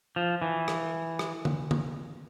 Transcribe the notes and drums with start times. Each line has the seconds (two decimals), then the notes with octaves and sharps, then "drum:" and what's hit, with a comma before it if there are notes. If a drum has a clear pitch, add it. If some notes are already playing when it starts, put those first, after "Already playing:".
0.16 F3
0.42 E3
0.68 drum: rim click
1.19 drum: rim click
1.45 drum: tom D3
1.71 drum: tom D3